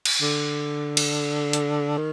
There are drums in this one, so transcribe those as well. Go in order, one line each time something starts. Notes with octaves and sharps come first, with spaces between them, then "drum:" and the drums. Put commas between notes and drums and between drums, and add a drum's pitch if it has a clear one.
drum: cymbal
D3
drum: cymbal
drum: hi-hat
D#3